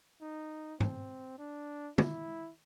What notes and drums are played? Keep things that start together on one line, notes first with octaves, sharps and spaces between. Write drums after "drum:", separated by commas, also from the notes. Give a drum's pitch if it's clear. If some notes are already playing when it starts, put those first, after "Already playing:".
D#4
C4, drum: tom G#2
D4
E4, drum: tom